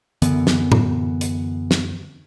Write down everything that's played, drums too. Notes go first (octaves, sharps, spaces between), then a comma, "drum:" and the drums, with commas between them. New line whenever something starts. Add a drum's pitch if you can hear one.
F#2 D3 E3 B3, drum: hi-hat
drum: snare
drum: tom A2
drum: hi-hat
drum: snare